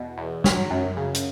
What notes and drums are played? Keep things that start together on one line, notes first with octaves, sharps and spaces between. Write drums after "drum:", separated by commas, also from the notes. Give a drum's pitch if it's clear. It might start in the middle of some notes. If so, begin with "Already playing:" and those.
Already playing: E2 B2
E2
F#3, drum: snare
F#2
C#3
drum: hi-hat